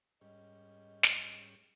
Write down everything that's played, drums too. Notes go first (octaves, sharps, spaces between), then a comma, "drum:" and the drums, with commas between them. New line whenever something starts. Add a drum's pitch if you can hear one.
G#2 G3 C#4 D#5
drum: snare